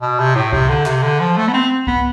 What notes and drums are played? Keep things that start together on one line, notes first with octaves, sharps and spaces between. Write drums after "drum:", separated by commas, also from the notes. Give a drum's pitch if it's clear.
B2
C3
A2
C3, drum: kick C2
D3
C3, drum: clap
D3
F3
A3
B3
C4
B3, drum: kick C2